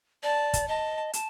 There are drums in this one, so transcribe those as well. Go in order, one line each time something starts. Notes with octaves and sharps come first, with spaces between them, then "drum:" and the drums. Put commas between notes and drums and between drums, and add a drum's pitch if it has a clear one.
D5 A5
drum: kick, hi-hat
D#5 A5
A5, drum: hi-hat